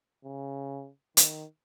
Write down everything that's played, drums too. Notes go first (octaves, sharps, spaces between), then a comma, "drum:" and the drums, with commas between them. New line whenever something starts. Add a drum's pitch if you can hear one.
C#3
D#3, drum: hi-hat